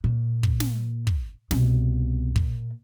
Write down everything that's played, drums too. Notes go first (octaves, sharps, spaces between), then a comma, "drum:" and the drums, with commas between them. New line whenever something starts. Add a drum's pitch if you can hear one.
A#2
drum: kick
drum: snare
drum: kick
C2 B2, drum: snare
A#2, drum: kick